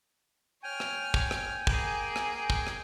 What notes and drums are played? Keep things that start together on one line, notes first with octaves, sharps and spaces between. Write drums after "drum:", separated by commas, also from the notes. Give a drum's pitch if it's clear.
C#5 G5 G#5 F6
drum: rim click
drum: kick
drum: rim click
A#3 G#4, drum: kick
drum: rim click
drum: kick
drum: rim click